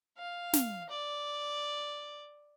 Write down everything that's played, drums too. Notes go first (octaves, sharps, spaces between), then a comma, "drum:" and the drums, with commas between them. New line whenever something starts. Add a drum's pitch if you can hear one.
F5
drum: snare
D5